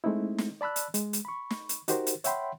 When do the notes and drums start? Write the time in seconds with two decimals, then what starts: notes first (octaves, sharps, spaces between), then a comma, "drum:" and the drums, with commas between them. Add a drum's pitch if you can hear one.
0.04 G#3 A3 C4 D#4 E4
0.38 drum: snare
0.61 D5 A5 B5 E6 F#6
0.76 drum: hi-hat
0.94 G#3, drum: hi-hat
1.13 drum: hi-hat
1.25 B5 C#6
1.50 drum: snare
1.69 drum: hi-hat
1.88 D#4 F#4 G4 A#4 C5, drum: hi-hat
2.07 drum: hi-hat
2.24 C#5 E5 F#5 G5 B5 C6, drum: hi-hat